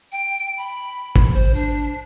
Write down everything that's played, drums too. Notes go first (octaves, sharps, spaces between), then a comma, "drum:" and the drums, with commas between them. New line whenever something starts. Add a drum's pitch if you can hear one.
G5
B5
drum: kick G#1
C5
D4